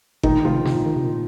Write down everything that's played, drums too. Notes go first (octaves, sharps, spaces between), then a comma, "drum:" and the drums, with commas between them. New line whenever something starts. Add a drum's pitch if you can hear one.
A#2 D#3 D#4, drum: kick G1
C3 F3 F4
C3, drum: snare
A#2
D#3
C3
A#2